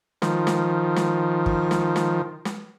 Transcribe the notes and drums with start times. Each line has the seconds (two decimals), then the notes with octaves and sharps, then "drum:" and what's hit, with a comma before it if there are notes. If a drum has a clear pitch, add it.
0.22 D#3 F3, drum: snare
0.47 drum: snare
0.96 drum: snare
1.46 drum: kick G#1
1.71 drum: snare
1.96 drum: snare
2.45 drum: snare